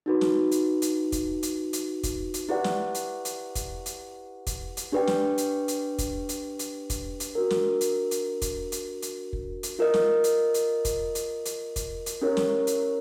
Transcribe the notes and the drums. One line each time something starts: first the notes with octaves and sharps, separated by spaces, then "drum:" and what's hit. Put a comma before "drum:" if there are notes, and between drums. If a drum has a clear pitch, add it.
D#4 F#4 B4
drum: snare
drum: hi-hat
drum: hi-hat
drum: kick, hi-hat
drum: hi-hat
drum: hi-hat
drum: kick, hi-hat
drum: hi-hat
E4 G4 B4 D5 F#5
drum: snare
drum: hi-hat
drum: hi-hat
drum: kick, hi-hat
drum: hi-hat
drum: kick, hi-hat
drum: hi-hat
D4 G4 B4 D5 G5
drum: snare
drum: hi-hat
drum: hi-hat
drum: kick, hi-hat
drum: hi-hat
drum: hi-hat
drum: kick, hi-hat
drum: hi-hat
D4 F#4 A#4
drum: snare
drum: hi-hat
drum: hi-hat
drum: kick, hi-hat
drum: hi-hat
drum: hi-hat
drum: kick
drum: hi-hat
F4 A#4 D#5
drum: snare
drum: hi-hat
drum: hi-hat
drum: kick, hi-hat
drum: hi-hat
drum: hi-hat
drum: kick, hi-hat
drum: hi-hat
C#4 E4 G4 A#4 C#5
drum: snare
drum: hi-hat